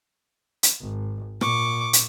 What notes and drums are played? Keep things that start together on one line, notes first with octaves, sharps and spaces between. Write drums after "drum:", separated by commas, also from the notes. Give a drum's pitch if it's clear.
drum: hi-hat
G#1
A#2 C#6 D6, drum: rim click
drum: hi-hat